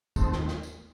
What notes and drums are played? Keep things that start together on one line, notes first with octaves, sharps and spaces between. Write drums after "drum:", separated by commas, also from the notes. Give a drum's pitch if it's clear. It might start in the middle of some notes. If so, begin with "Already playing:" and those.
D#2 A3 C4, drum: kick, tambourine
drum: snare
drum: snare
drum: tambourine